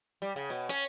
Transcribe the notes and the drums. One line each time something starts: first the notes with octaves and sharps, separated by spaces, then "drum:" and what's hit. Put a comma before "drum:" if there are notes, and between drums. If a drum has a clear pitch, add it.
G3
C#3
B2
C#4, drum: hi-hat